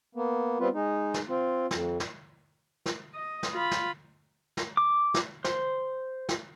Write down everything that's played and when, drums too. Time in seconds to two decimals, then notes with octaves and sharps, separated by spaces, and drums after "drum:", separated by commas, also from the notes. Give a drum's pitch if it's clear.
0.15 A#3 B3
0.60 G3 B3 C4 F4 B4
0.73 G#3 D#4
1.14 drum: snare
1.28 C4 F4
1.71 F2, drum: snare
2.00 drum: snare
2.86 drum: snare
3.14 D#5
3.43 drum: snare
3.54 F4 B5
3.71 drum: snare
4.57 drum: snare
4.77 D6
5.14 drum: snare
5.45 C5, drum: snare
6.29 drum: snare